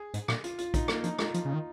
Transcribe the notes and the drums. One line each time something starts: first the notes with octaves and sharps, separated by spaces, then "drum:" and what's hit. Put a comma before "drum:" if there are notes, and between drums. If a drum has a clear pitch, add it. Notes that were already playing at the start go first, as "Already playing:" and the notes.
Already playing: G#4
G#2, drum: hi-hat
A#2, drum: rim click
F4, drum: hi-hat
F4, drum: hi-hat
D#4, drum: kick A#1, hi-hat
A#3, drum: rim click
F3 D#4, drum: hi-hat
G#3 F4, drum: rim click
F3, drum: hi-hat
C#3
D#3